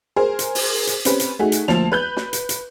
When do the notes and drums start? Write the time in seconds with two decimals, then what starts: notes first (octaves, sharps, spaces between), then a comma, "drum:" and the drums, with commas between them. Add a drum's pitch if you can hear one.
0.16 G#4 A#4 C5
0.39 drum: hi-hat
0.55 drum: open hi-hat
0.87 drum: hi-hat
1.05 C4 C#4 G4 B4, drum: hi-hat
1.20 drum: hi-hat
1.39 A3 D#4 F#4 G#4
1.52 drum: hi-hat
1.68 D2 F3 A#3 A5 F7, drum: snare
1.92 B4 F#6 G6
2.17 drum: snare
2.33 drum: hi-hat
2.49 drum: hi-hat